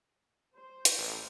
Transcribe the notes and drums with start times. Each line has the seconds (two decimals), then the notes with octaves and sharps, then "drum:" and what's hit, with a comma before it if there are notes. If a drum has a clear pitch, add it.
0.56 C5
0.85 drum: hi-hat
0.98 A1